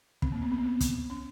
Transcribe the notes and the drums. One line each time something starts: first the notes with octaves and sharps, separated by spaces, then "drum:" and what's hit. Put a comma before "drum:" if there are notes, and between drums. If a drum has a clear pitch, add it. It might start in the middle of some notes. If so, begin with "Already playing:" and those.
C4, drum: kick
A#3
B3
C4
B3
C4
drum: kick, hi-hat
C#4